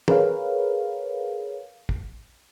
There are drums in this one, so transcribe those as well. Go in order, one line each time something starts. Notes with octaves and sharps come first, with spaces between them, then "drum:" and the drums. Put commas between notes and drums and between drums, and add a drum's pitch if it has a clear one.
G#4 A#4 B4 C#5 F5, drum: tom
drum: kick